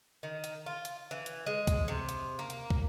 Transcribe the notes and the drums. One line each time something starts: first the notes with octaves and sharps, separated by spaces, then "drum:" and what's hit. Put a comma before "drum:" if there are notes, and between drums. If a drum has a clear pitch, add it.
D#3
drum: hi-hat
F4
drum: hi-hat
E3
drum: hi-hat
G#3
drum: kick, hi-hat
C3
drum: hi-hat
A#3
drum: hi-hat
drum: kick